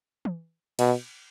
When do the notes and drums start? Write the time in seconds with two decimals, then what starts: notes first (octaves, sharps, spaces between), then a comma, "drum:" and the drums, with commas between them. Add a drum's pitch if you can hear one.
0.25 drum: tom E3
0.79 B2, drum: cymbal